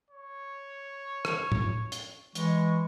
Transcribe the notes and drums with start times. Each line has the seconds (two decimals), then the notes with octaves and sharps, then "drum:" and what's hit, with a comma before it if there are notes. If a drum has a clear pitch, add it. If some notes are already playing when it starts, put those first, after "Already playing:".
0.11 C#5
1.25 drum: rim click
1.52 drum: tom
1.92 drum: hi-hat
2.35 E3 G#3 C#6, drum: hi-hat